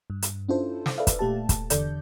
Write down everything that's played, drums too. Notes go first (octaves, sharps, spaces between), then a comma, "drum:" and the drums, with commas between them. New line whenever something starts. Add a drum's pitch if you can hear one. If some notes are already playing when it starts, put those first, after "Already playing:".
G2
drum: hi-hat
C#4 D4 E4 F4 A4 C5
drum: snare
A4 B4 D5 E5 F5
drum: kick, hi-hat
A#2 A3 G4 A5
drum: kick, hi-hat
E2 D3 A4 D5 G6, drum: hi-hat